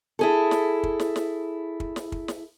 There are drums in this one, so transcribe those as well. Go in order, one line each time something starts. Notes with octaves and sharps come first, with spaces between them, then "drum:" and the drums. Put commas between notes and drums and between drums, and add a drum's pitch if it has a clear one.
E4 G#4 A4
drum: snare
drum: kick
drum: snare
drum: snare
drum: kick
drum: snare
drum: kick
drum: snare